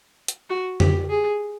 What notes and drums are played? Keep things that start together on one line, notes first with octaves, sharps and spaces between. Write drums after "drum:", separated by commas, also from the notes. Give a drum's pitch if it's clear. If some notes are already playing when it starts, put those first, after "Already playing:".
drum: hi-hat
F#4
G4, drum: tom F2
G#4